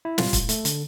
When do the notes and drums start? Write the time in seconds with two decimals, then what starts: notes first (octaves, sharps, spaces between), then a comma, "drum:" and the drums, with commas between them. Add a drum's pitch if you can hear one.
0.05 E4
0.18 G3 F4, drum: snare
0.33 A2, drum: kick, hi-hat
0.49 A3, drum: hi-hat
0.65 D3, drum: hi-hat